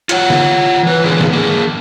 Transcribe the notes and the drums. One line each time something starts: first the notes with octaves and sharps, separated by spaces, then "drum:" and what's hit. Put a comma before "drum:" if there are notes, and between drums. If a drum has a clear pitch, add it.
F4 C#5 F#5, drum: hi-hat
drum: snare
E3 B4
A2 D3 E3 G#3 D4 G#4
drum: snare
A#3 G#4 A#4